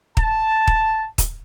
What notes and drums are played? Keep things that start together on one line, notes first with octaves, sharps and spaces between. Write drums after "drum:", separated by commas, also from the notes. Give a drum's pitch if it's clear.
A5, drum: kick
drum: kick
drum: kick, hi-hat